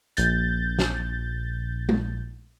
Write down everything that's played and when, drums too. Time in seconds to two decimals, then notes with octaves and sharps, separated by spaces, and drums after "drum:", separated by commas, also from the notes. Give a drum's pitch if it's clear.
0.17 A#1 G6 A6, drum: hi-hat
0.79 drum: snare
1.89 drum: tom G#3